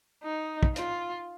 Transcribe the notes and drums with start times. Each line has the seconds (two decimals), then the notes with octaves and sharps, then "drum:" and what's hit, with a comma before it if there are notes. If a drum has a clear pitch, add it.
0.23 D#4
0.63 drum: kick
0.76 F4, drum: hi-hat